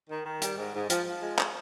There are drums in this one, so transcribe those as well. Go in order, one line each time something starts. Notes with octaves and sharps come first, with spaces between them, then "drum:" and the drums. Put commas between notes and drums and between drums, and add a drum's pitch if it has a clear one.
D#3
D#3
G3, drum: hi-hat
G#2
G#2
F3, drum: hi-hat
F3
G#3
drum: clap